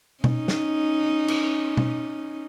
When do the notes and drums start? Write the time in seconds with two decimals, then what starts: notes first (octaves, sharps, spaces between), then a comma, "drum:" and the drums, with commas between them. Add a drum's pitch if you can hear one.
0.24 C#4 D#4, drum: tom B2
0.48 drum: snare
1.28 drum: cymbal
1.77 drum: tom B2